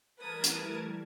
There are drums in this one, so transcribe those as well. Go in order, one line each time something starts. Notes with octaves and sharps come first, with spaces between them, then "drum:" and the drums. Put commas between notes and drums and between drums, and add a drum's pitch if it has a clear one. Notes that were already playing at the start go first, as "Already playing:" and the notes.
E3 G3 A3 A#4 B4 A5 D#6 G#6
drum: hi-hat